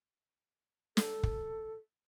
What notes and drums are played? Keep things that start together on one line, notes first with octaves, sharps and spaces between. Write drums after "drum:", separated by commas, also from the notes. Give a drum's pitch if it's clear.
A4, drum: snare
drum: kick